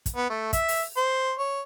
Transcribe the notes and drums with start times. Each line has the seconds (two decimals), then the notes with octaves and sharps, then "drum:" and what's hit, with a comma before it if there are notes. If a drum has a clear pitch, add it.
0.06 drum: kick, hi-hat
0.16 B3
0.30 A3
0.53 E5, drum: kick, hi-hat
0.68 drum: open hi-hat
0.97 C5
1.38 C#5